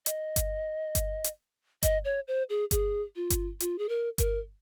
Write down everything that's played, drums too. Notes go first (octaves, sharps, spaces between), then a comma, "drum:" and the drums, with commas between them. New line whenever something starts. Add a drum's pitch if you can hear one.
D#5, drum: hi-hat
drum: kick G1, hi-hat
drum: kick G1, hi-hat
drum: hi-hat
D#5, drum: kick G1, hi-hat
C#5
C5
G#4
G#4, drum: kick G1, hi-hat
F4
drum: kick G1, hi-hat
F4, drum: hi-hat
G#4
A#4
A#4, drum: kick G1, hi-hat